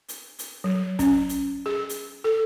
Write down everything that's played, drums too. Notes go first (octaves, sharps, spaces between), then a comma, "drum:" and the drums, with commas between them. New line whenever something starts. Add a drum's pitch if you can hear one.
drum: hi-hat
drum: hi-hat
F#3
C#4, drum: kick, hi-hat
drum: hi-hat
G#4
drum: hi-hat
A4